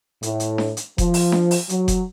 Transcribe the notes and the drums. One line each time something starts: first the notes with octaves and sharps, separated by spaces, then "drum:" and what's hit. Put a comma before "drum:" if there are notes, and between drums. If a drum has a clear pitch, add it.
A2, drum: hi-hat
drum: hi-hat
drum: snare D4
drum: hi-hat
F3, drum: kick F1, hi-hat
drum: open hi-hat
drum: snare D4
drum: open hi-hat
F#3, drum: hi-hat
drum: kick F1, hi-hat